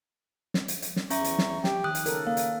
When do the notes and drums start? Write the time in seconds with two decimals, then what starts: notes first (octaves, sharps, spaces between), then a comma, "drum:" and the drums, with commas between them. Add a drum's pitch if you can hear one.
0.54 drum: snare
0.68 drum: hi-hat
0.82 drum: hi-hat
0.96 drum: snare
1.10 E2 C#4 E5 A#5 C#6, drum: hi-hat
1.24 drum: hi-hat
1.38 drum: snare
1.64 G4 G5, drum: snare
1.84 D#3 D#6 F#6
1.95 drum: hi-hat
2.06 C#3 A4 A#4, drum: hi-hat
2.27 A#3 F5
2.37 drum: hi-hat